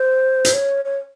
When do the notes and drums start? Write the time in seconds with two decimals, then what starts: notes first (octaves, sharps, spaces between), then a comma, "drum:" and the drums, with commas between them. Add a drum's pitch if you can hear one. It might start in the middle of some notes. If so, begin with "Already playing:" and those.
Already playing: C5
0.45 drum: hi-hat
0.54 C#5
0.85 C#5